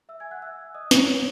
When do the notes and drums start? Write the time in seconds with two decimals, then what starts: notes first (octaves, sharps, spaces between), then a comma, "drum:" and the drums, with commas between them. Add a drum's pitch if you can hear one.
0.09 E5 E6
0.20 G#5 G#6
0.31 F#5 F#6
0.42 E5 E6
0.75 D#5 D#6
0.91 C#5 C#6, drum: snare